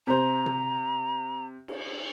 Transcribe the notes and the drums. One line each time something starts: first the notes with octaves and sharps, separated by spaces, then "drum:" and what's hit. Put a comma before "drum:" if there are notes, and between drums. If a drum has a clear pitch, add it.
C3 C5 A#5
drum: tom C3
drum: cymbal